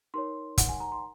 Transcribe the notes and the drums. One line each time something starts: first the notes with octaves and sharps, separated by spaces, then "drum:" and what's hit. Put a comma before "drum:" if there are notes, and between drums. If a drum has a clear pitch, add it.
D#4 A#4 C#5 C6
F#5, drum: kick, hi-hat
G#5
A#5
C6